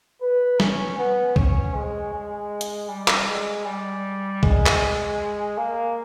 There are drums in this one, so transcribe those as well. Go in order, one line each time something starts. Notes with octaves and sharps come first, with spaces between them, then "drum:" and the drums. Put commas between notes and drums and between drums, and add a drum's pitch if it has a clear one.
B4
C#4, drum: snare
B3
C#4, drum: kick
G#3
G#3
drum: hi-hat
G3
drum: clap
G#3
G3
G#3, drum: kick
drum: clap
A#3